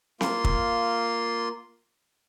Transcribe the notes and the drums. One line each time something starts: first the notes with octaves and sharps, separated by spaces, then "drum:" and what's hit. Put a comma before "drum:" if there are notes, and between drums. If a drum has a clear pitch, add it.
A#3 F4 C6, drum: snare C4
drum: kick